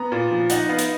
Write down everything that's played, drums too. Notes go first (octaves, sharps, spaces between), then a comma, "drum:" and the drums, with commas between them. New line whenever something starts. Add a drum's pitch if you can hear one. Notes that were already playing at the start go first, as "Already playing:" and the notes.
Already playing: B3 A#5
A#2
F3
D#4 F#5, drum: hi-hat
B3 F5
drum: hi-hat